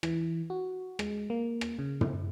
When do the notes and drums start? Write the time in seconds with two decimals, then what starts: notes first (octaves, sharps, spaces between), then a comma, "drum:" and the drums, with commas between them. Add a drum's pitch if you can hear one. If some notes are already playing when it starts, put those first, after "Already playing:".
0.03 E3, drum: rim click
0.50 F#4
0.99 G#3, drum: rim click
1.30 A#3
1.61 drum: rim click
1.79 C#3
2.01 drum: tom